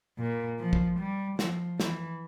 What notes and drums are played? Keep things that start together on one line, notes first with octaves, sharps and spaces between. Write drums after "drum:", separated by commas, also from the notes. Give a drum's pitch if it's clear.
A#2
F3
drum: kick A1
G3
F3, drum: snare
E3, drum: snare